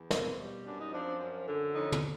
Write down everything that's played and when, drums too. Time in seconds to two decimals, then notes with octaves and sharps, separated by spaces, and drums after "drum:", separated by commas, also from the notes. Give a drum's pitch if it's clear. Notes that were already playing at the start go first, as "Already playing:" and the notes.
Already playing: E2
0.11 B2 A#3 C4, drum: snare
0.38 G3
0.65 F#2 D4
0.79 D#4
0.92 F3 C4 D4
1.19 F#2
1.47 D3
1.74 F2 C#4 D#4
1.92 drum: tom